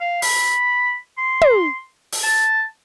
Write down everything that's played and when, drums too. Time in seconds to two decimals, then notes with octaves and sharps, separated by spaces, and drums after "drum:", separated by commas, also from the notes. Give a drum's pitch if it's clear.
0.01 F5
0.22 B5, drum: open hi-hat
1.18 C6
1.41 drum: tom
2.12 drum: open hi-hat
2.23 A5